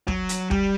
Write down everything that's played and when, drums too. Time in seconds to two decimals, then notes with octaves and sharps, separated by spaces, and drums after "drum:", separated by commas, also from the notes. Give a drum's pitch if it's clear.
0.08 F#3, drum: kick
0.29 drum: hi-hat
0.51 G3, drum: kick